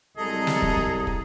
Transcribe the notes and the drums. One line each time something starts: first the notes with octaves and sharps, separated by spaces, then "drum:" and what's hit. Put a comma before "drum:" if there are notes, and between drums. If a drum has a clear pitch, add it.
C2 F#3 G#3 G#4 A4 D#5 A#5
drum: snare
drum: kick
drum: kick
drum: kick